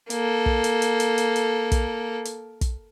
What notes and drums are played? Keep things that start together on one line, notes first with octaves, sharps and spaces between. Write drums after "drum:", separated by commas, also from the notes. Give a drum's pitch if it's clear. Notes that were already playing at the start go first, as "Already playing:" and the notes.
A#3 A4, drum: hi-hat
drum: kick
drum: hi-hat
drum: hi-hat
drum: hi-hat
drum: hi-hat
drum: hi-hat
drum: kick, hi-hat
drum: hi-hat
drum: kick, hi-hat